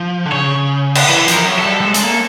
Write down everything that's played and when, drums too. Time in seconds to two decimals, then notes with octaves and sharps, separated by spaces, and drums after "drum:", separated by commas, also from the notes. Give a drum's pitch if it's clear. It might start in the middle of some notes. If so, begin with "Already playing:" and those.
Already playing: F3
0.26 D3
0.32 C#3 C#5
0.95 drum: cymbal
1.09 E3 B4
1.28 F3, drum: hi-hat
1.34 A#4
1.46 F#3
1.59 A4
1.66 G3
1.81 G3
1.85 G#3
1.94 drum: hi-hat
2.03 A#3